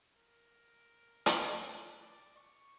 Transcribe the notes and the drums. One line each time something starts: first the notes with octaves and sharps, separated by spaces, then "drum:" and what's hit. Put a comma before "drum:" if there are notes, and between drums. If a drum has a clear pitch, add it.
A#4
drum: hi-hat
B4
D5
C#6